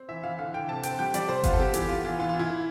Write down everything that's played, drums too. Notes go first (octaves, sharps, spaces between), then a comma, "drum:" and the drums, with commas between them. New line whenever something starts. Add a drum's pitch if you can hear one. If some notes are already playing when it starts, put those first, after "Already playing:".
Already playing: C4
E3 E5
E3 F5
D3 F5
D3 G5
C3 A5
C4 G5, drum: hi-hat
G3 G5
G3 D5, drum: hi-hat
C3 C5
B3 F4, drum: kick G1, hi-hat
A4
B3 G4
E3 G4, drum: hi-hat
B3 F4
E3 F4
E3 F4
F4
E3
E4
E3